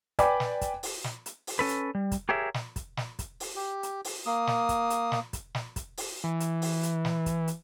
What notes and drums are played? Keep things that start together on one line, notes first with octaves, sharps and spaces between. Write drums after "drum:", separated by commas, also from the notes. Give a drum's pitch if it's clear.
B4 D5 G5 G#5 B5 D6, drum: kick, hi-hat
drum: snare
drum: kick, hi-hat
drum: open hi-hat
drum: snare
drum: hi-hat
drum: open hi-hat
C#4 A4 B4
drum: hi-hat
G3
drum: kick, hi-hat
G4 G#4 A#4 C#5 E5
drum: snare
drum: kick, hi-hat
drum: snare
drum: kick, hi-hat
drum: open hi-hat
G4
drum: hi-hat
drum: open hi-hat
A#3 D#6
drum: snare
drum: kick, hi-hat
drum: hi-hat
drum: snare
drum: kick, hi-hat
drum: snare
drum: kick, hi-hat
drum: open hi-hat
E3
drum: hi-hat
drum: open hi-hat
drum: hi-hat
drum: snare
drum: kick, hi-hat
drum: hi-hat